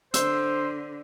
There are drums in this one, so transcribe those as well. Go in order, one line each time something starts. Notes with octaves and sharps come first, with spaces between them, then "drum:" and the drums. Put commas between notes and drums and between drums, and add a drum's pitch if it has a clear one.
D3 C5 C6 E6, drum: hi-hat